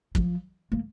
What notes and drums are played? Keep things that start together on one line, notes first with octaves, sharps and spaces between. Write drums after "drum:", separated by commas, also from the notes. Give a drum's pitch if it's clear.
F3, drum: kick
A#3